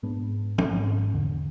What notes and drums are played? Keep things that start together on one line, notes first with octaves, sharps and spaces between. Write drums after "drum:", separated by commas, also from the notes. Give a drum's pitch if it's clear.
G#2 G#3 B3 D4
G#1 G#2 G#3 C#4, drum: tom
E1 E2 D3